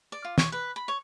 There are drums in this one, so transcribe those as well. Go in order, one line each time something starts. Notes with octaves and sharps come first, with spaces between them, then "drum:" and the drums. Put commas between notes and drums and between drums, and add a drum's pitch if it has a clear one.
D5
F4
C#5, drum: snare
B4
B5
C#5